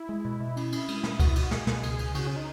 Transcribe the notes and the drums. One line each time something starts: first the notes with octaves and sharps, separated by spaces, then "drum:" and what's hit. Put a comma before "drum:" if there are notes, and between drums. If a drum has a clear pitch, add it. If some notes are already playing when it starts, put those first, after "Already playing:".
Already playing: E4
G#3
B2
B2
C#4, drum: cymbal
C#4, drum: cymbal
G#3, drum: cymbal
B2, drum: snare
B2 F#4, drum: kick C#2, cymbal
E4
B2 F#4, drum: cymbal
B2 G#4, drum: snare
B2, drum: snare
C#2 G#4, drum: cymbal
C#2, drum: cymbal
C#3 F#4, drum: cymbal
C#4
D#4